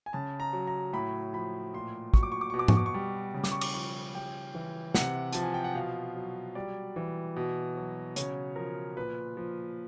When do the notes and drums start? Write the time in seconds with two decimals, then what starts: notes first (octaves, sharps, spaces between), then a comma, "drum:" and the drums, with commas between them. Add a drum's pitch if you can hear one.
0.06 G#5
0.13 C#3 A5
0.40 A#5
0.53 F#3
0.67 A#5
0.93 A2 B5
1.33 F3 B5
1.74 A#2 C6
2.14 F#3 C#6, drum: kick
2.23 D6
2.32 C#6
2.41 D6
2.50 B2 C#6
2.59 D6
2.68 C#6, drum: tom G#2
2.77 D6
2.86 C#6
2.94 G3
3.34 C#3
3.44 D6, drum: snare
3.52 C#6
3.61 D6, drum: cymbal
3.74 F3 C#6
4.15 G3 G5
4.55 E3
4.94 C3 F#5, drum: snare
5.33 F3 A5, drum: hi-hat
5.43 G#5
5.54 G5
5.64 F#5
5.75 B2 F5
6.15 F#3
6.55 G3 D5
6.96 E3
7.36 B2
7.76 F#3
8.16 C#3 C#5, drum: hi-hat
8.56 F3 A#4
8.97 A#2 B4
9.37 F3